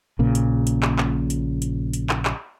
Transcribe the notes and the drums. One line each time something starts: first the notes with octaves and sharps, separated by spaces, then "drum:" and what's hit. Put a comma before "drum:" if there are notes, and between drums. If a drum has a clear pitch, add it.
A#1 A#2 C#3
drum: hi-hat
drum: hi-hat
drum: clap
drum: clap
drum: hi-hat
drum: hi-hat
drum: hi-hat
drum: clap
drum: clap